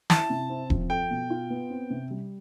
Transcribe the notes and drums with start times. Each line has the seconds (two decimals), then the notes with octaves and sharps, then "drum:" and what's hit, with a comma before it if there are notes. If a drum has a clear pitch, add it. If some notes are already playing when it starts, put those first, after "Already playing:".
0.10 E4 A5, drum: snare
0.30 C3
0.50 C4
0.70 F3, drum: kick D#1
0.90 A4 G5
1.10 B2
1.30 F4
1.50 B3
1.70 C4
1.90 C3
2.11 G3